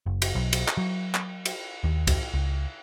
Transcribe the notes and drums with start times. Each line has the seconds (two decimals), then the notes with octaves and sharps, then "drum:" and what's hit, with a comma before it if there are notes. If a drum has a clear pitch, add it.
0.06 F#1
0.22 drum: cymbal
0.35 B1
0.53 drum: cymbal
0.68 drum: clap
0.77 F#3
1.15 drum: clap
1.45 drum: cymbal
1.84 D#2
2.07 drum: kick C2, cymbal
2.34 C#2